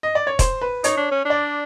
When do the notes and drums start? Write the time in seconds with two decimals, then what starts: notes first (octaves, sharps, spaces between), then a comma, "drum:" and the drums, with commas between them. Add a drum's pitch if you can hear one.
0.03 D#5
0.15 D5
0.27 C#5
0.39 C5, drum: kick E1, hi-hat
0.61 B4
0.84 D#4 C#5, drum: hi-hat
0.97 D4
1.11 C#4
1.25 D4 D5